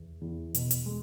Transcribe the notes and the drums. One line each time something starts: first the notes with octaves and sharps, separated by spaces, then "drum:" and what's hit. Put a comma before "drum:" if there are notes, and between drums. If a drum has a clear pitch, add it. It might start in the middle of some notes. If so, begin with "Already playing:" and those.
Already playing: E2
E2
B2, drum: hi-hat
drum: hi-hat
G#3